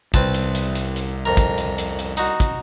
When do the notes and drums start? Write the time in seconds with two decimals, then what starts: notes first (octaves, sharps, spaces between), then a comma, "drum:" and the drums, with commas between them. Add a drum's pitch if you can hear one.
0.14 C2 C4 B4 A5, drum: kick, hi-hat
0.34 drum: hi-hat
0.55 drum: hi-hat
0.75 drum: hi-hat
0.96 drum: hi-hat
1.25 F2 A#4
1.37 drum: kick, hi-hat
1.58 drum: hi-hat
1.78 drum: hi-hat
1.99 drum: hi-hat
2.17 D#4 F#4, drum: hi-hat
2.40 drum: kick, hi-hat